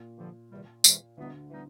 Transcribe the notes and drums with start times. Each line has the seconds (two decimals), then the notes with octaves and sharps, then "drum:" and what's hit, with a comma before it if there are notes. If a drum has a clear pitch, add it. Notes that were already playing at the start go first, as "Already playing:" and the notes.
Already playing: A#2
0.17 G2 D3 F3
0.51 E2 C3 D#3 G3
0.84 E2 C3 D#3 G3, drum: tambourine
1.17 D2 D3 E3 G3 B3 D#4
1.51 E3 G3 B3 D#4